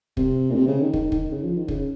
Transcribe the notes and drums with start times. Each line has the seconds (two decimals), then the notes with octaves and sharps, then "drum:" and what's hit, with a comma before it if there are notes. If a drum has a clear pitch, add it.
0.17 C3, drum: kick
0.51 A#2
0.55 C3
0.67 C#3
0.80 D#3
0.93 D#3, drum: kick
1.12 D#3, drum: kick
1.32 C#3
1.43 F3
1.57 D#3
1.68 C#3, drum: kick